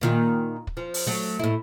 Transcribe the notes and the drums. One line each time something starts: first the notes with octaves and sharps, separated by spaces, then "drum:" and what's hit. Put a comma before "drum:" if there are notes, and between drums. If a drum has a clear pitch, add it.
A#2 D#3 F4
drum: kick
F3
drum: open hi-hat
F#3 A3
A2 E4